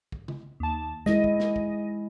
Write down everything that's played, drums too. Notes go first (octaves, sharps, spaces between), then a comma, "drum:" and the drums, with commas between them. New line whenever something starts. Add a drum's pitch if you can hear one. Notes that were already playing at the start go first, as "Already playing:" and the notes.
drum: kick
drum: tom C#3
D#2 A5
G#3 E4 D#5, drum: snare
drum: kick
drum: snare
drum: kick